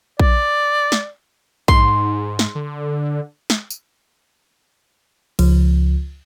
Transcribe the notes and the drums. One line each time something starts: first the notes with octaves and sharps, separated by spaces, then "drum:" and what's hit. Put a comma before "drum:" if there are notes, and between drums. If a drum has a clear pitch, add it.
D5, drum: kick A#1
drum: snare
G#2 C6, drum: kick A#1
drum: snare
D3
drum: snare
drum: tambourine
C#2 F3, drum: cymbal